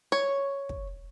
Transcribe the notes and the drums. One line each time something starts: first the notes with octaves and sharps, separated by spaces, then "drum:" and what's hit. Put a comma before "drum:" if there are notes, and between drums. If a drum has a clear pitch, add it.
C#5
drum: kick